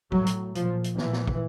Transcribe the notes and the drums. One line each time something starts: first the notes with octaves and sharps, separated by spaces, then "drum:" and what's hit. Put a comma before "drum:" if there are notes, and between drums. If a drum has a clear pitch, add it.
A2 F#3, drum: kick
drum: hi-hat
A#2 F3, drum: hi-hat
drum: hi-hat
A#2 E3, drum: snare
drum: snare
drum: kick